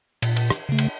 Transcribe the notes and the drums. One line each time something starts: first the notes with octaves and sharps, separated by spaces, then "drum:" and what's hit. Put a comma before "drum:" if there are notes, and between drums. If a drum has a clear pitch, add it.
A#2, drum: cymbal
drum: cymbal
drum: rim click
C#3 A3
drum: cymbal